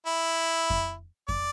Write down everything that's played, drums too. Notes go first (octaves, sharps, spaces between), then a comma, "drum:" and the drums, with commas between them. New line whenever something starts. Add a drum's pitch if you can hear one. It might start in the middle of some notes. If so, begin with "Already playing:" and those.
E4
drum: kick F2
D5, drum: kick F2